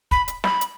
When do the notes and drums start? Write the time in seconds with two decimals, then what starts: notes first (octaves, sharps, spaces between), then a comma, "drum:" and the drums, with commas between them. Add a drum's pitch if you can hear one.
0.11 B5, drum: kick
0.28 drum: hi-hat
0.44 B5, drum: snare
0.61 drum: hi-hat